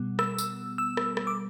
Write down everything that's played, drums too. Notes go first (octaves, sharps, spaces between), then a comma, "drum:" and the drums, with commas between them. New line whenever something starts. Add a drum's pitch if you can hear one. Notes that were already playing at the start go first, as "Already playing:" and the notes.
Already playing: B2 G3 B3
E6, drum: rim click
drum: tambourine
E6
drum: rim click
drum: rim click
D6